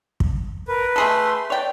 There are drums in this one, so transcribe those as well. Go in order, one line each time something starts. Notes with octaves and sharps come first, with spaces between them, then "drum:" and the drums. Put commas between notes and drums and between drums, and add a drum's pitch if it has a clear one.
drum: kick
A#4 B4
A3 G#4 A4 C6
C#5 D5 G5